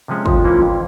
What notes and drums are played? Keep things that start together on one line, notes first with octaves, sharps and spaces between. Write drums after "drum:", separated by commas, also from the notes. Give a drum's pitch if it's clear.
C3 F3 G#3 C#4
F2 F4, drum: kick
E3 A#3 C#4
F2